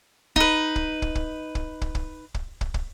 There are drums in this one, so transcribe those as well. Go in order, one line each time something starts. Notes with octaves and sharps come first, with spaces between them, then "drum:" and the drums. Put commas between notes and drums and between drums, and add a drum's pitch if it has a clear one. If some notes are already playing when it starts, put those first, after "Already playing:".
D#4 B4, drum: kick
drum: kick
drum: kick
drum: kick
drum: kick
drum: kick
drum: kick
drum: kick
drum: kick
drum: kick